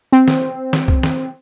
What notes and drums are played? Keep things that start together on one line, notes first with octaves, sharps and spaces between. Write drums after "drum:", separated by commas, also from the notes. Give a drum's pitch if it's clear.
C4
drum: snare
drum: snare
drum: kick C2
drum: snare